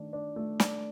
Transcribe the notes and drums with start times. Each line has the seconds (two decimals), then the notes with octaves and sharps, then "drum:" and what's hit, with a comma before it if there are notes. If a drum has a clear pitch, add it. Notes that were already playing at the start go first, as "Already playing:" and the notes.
Already playing: D#3 A3 D4
0.13 D4
0.36 A3
0.60 D4, drum: snare